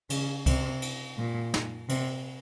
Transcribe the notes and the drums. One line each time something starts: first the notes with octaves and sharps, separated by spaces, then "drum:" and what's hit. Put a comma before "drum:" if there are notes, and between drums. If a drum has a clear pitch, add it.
C#3, drum: cymbal
C3, drum: kick C2, cymbal
drum: cymbal
A#2
drum: snare
C3, drum: cymbal